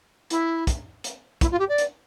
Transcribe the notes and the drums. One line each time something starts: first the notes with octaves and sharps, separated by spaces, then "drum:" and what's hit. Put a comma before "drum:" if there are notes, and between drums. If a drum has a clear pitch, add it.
E4, drum: hi-hat
drum: kick, hi-hat
drum: hi-hat
E4, drum: kick, hi-hat
F4
G4
D5
drum: hi-hat